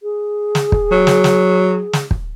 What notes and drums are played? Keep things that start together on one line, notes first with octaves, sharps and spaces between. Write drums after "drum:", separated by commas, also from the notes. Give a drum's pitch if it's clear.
G#4
drum: snare
drum: kick
F#3
drum: snare
drum: snare
drum: snare
drum: kick